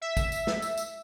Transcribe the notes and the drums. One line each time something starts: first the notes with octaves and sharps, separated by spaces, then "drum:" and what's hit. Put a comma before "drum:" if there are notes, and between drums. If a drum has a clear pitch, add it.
E5
drum: kick, tambourine
drum: tambourine
drum: snare
drum: tambourine
drum: tambourine